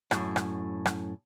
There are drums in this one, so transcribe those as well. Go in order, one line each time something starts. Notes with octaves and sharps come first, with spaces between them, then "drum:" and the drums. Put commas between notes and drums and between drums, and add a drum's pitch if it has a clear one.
F#2 A2, drum: rim click
drum: rim click
drum: rim click